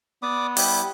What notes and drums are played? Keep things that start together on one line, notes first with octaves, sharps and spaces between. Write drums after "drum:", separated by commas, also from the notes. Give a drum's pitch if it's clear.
B3 D5 D6 D#6
G3 E4 G4, drum: open hi-hat